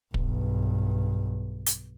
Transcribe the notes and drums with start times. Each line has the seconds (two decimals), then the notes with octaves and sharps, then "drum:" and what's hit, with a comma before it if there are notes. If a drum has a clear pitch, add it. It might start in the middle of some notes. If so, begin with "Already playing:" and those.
0.14 B1 G2, drum: kick
1.66 drum: hi-hat